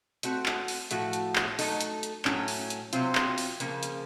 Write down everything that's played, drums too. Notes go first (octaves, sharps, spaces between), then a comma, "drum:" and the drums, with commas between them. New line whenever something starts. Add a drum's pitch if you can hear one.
A3 C4 F#4, drum: hi-hat
drum: clap
drum: open hi-hat
A2 F3 A3 F#4, drum: hi-hat
drum: hi-hat
drum: clap
F#3 A3 D#4 A4, drum: open hi-hat
drum: hi-hat
drum: hi-hat
A2 F#3 A3 C#4, drum: clap
drum: open hi-hat
drum: hi-hat
C3 F#3 C4 F4, drum: hi-hat
drum: clap
drum: open hi-hat
C#3 F3 A#3, drum: hi-hat
drum: hi-hat